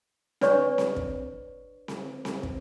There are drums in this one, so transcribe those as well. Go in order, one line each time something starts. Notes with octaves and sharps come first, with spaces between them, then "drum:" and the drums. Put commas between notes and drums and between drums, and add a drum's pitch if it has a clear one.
D4 B4 C#5 D5 C#6, drum: snare C4
drum: snare C4
drum: kick
drum: snare C4
drum: snare C4
drum: kick